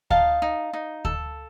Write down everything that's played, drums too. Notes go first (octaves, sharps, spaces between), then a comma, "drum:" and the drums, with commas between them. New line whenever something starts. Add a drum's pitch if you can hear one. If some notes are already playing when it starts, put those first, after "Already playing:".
D#4 F5 A5, drum: kick D2
D#4
D#4
A4, drum: kick D2